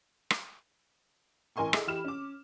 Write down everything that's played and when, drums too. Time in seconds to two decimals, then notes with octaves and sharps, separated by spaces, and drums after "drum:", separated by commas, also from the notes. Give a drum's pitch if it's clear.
0.30 drum: rim click
1.56 A1 A#4 G#5 C6 C#6
1.73 G#4 A4 D#5 E5, drum: rim click
1.87 E3 G4 B5 F6 E7
2.04 C#4 D6